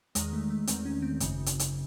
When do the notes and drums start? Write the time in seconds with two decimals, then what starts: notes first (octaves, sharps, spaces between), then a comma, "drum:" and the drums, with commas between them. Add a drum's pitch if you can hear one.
0.15 E2 D#3 G#3, drum: hi-hat
0.33 A3
0.50 A3
0.67 E2 D#3 C4, drum: hi-hat
0.85 C#4
1.02 C4
1.20 G#1 F#2 C#3, drum: hi-hat
1.46 drum: hi-hat
1.59 drum: hi-hat